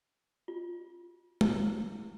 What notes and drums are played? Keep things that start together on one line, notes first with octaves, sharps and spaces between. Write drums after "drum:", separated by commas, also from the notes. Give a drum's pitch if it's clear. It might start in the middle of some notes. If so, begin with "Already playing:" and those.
F4
E4, drum: tom